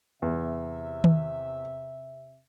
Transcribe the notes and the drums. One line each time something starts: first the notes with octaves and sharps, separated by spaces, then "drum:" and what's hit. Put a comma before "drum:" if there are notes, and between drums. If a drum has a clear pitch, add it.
E2 C3 E5
drum: tom D#3